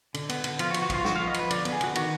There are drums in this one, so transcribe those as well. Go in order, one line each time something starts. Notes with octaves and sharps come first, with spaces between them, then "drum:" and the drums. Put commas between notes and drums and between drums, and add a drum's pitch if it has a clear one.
D3, drum: cymbal
B3, drum: cymbal
D3, drum: cymbal
F3 F4, drum: cymbal
F#4
B3, drum: cymbal
F#4
F3 F4, drum: kick, cymbal
F3 F#4, drum: snare
B3 F5
D#5
F3 B4, drum: cymbal
D3 D5, drum: cymbal
B3, drum: cymbal
G#4
D3 F#4, drum: cymbal
D#3 F#4, drum: cymbal